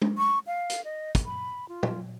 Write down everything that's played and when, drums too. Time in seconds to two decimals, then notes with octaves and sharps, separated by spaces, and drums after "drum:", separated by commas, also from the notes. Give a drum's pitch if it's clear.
0.02 drum: tom
0.18 C#6
0.47 F5
0.70 drum: hi-hat
0.85 D#5
1.15 drum: kick, hi-hat
1.26 B5
1.69 F4
1.83 drum: tom